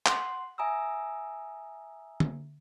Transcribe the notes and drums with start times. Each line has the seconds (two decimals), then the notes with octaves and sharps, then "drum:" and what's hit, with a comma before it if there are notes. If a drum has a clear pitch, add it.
0.06 F#5 C6, drum: clap
0.58 E5 G#5 A#5 D#6 E6
2.20 drum: tom D3